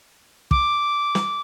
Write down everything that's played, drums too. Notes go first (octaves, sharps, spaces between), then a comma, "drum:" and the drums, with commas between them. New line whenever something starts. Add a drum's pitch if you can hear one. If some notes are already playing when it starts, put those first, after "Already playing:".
D6, drum: kick
drum: snare